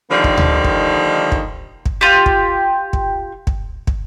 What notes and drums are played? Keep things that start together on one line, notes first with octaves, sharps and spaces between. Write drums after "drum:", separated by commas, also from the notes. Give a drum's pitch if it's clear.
D3 D#3 F3 G3 A#3 D#4
drum: kick
drum: tom D2
drum: kick
drum: kick
drum: kick
F4 G4
drum: kick
drum: kick
drum: kick
drum: kick